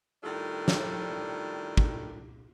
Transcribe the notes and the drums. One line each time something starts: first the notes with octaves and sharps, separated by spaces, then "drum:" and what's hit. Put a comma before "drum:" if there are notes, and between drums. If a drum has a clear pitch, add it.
A2 D#3 G3 D4 F4 A4
drum: snare
drum: kick